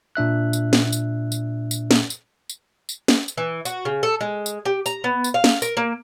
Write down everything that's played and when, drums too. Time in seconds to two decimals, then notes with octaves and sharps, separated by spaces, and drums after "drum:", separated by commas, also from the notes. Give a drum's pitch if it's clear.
0.15 A#2 D4 E5 F#6
0.53 drum: tambourine
0.73 drum: snare
0.92 drum: tambourine
1.32 drum: tambourine
1.71 drum: tambourine
1.91 drum: snare
2.10 drum: tambourine
2.49 drum: tambourine
2.89 drum: tambourine
3.08 drum: snare
3.28 drum: tambourine
3.37 E3
3.65 F#4, drum: tambourine
3.85 C#3
4.03 A4
4.21 G#3
4.46 drum: tambourine
4.65 G4
4.86 A#5, drum: tambourine
5.04 B3
5.24 drum: tambourine
5.34 F5
5.44 drum: snare
5.62 A#4, drum: tambourine
5.77 A#3